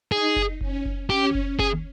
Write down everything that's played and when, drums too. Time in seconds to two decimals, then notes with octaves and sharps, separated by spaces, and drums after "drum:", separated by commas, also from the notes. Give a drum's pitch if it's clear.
0.11 D#4 G#4
0.36 drum: kick F#1
0.61 C#4, drum: kick F#1
0.85 drum: kick F#1
1.10 C#4 G4
1.35 drum: kick F#1
1.60 G#4, drum: kick F#1